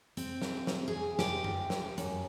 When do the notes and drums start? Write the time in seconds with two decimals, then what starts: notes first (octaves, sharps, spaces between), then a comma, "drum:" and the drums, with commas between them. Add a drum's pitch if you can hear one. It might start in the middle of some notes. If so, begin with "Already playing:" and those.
0.17 C4, drum: hi-hat
0.42 drum: snare
0.67 drum: snare
0.88 G#4
1.19 G4, drum: snare
1.44 drum: tom F#2
1.70 drum: snare
1.98 F#2, drum: hi-hat